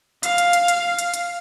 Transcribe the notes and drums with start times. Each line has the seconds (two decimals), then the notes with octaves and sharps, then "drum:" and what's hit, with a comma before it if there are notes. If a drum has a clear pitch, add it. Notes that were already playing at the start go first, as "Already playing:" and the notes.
0.23 F5, drum: hi-hat
0.38 drum: hi-hat
0.53 drum: hi-hat
0.68 drum: hi-hat
0.98 drum: hi-hat
1.14 drum: hi-hat